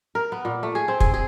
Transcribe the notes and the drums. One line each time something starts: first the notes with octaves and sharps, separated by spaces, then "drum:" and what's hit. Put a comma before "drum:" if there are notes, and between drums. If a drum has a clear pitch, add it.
A#4
B3
A#2
A3
G#4
C4
G#4, drum: kick
G#4